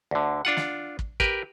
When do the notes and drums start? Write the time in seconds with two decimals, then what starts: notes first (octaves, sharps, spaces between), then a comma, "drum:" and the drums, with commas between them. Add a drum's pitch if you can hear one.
0.11 D2 D3
0.45 D4 F4 F#5
0.57 drum: snare
0.99 drum: kick
1.20 G4 A#4 B4, drum: kick